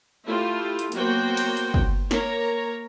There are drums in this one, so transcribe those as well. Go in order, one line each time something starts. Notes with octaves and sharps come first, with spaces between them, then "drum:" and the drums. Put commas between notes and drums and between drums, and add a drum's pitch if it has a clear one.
A3 E4 F4 G4
drum: hi-hat
F#3 A#3 B3 F#4 C5 G5, drum: hi-hat
drum: cymbal
drum: hi-hat
drum: kick
A#3 A#4 C#5 A#5, drum: snare